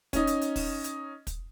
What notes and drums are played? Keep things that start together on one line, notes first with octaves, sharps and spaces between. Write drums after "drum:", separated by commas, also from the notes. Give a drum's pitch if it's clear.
C#4 D#4, drum: kick, hi-hat
drum: hi-hat
drum: hi-hat
drum: kick, open hi-hat
drum: hi-hat
drum: kick, hi-hat